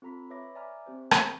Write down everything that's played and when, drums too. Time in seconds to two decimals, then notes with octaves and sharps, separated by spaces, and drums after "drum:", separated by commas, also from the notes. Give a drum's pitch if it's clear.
0.02 C4 F4 A4 A#5 B5 B6
0.30 B4 C#5 E5 B5 D6 A#6
0.55 D5 E5 G#5 A#5 D6 F6
0.86 C4 G4 C5
1.11 drum: rim click